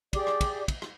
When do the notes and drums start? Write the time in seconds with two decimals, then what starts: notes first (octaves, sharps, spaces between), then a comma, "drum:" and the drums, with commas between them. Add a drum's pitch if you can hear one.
0.13 G4 G#4 D5 D6, drum: kick, cymbal
0.27 drum: rim click
0.41 drum: kick, cymbal
0.68 drum: kick, cymbal
0.82 drum: rim click